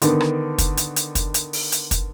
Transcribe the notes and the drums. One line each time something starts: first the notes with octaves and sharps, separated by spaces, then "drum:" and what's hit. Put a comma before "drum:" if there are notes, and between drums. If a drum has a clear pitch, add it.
D3 D#3 B3, drum: hi-hat
drum: rim click
drum: kick, hi-hat
drum: hi-hat
drum: hi-hat
drum: kick, hi-hat
drum: hi-hat
drum: open hi-hat
drum: hi-hat
drum: kick, hi-hat